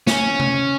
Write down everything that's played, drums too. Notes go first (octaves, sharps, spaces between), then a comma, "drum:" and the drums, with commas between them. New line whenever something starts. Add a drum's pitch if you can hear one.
C#4, drum: snare
drum: tom C3